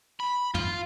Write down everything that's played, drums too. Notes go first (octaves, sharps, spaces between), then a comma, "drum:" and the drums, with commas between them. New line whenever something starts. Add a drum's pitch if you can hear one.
B5
F4, drum: tom